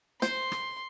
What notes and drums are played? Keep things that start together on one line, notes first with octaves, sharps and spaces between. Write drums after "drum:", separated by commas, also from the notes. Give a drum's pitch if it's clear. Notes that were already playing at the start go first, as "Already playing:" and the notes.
C5 C6, drum: snare
drum: rim click